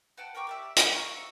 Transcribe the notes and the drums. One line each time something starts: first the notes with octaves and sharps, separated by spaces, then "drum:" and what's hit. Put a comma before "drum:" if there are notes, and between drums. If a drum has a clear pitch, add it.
B4 F#5 G5 A5
A#4 G5 C#6 D6
G4 D5 E5
D4 G#4 D5 F5, drum: hi-hat
F4 F#4 A#4
D#5 E5 C#6